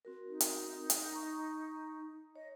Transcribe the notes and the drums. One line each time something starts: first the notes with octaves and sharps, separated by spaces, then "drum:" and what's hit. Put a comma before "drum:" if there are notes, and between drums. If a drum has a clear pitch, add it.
C4 F#4 A#4
D#4
drum: hi-hat
drum: hi-hat
A#5 C#6
C#5 D#5